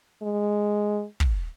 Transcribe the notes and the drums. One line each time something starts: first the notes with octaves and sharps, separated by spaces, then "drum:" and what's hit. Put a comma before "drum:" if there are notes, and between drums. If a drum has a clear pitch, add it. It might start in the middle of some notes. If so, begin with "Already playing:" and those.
G#3
drum: kick